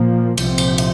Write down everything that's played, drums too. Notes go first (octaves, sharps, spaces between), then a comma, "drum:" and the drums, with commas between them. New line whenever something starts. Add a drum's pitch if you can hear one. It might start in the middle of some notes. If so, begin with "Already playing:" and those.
Already playing: A#2 F3 A#3
C2 A#2 F3 C4, drum: cymbal
drum: cymbal
drum: cymbal